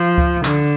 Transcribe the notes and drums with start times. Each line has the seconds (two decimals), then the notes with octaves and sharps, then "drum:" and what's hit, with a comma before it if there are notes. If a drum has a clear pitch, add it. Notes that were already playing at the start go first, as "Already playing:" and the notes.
Already playing: F3
0.18 drum: kick C#2
0.45 D3, drum: clap